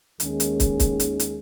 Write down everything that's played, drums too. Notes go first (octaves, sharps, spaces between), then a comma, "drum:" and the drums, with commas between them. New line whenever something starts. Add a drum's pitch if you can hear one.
D#2 D#3 G#3 C#4 G#4, drum: hi-hat
drum: hi-hat
drum: kick, hi-hat
drum: kick, hi-hat
drum: hi-hat
drum: hi-hat